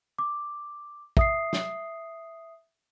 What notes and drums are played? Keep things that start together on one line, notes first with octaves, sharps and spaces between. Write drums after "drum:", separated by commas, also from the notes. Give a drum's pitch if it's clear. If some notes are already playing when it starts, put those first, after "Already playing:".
D6
E5 D#6 C7, drum: kick
drum: snare